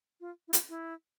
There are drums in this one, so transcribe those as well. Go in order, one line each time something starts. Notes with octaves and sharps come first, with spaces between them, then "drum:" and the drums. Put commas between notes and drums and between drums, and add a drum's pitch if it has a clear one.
F4
E4
F4, drum: hi-hat
E4